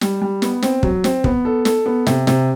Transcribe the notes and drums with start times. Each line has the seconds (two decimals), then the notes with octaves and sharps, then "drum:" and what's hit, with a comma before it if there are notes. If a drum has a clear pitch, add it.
0.01 G3, drum: snare
0.21 G3
0.42 B3, drum: snare
0.62 C4, drum: snare
0.83 F#3, drum: kick
1.04 C4, drum: snare
1.24 B3, drum: kick
1.45 A4
1.65 A4, drum: snare
1.86 B3
2.06 C3, drum: snare
2.27 C3, drum: snare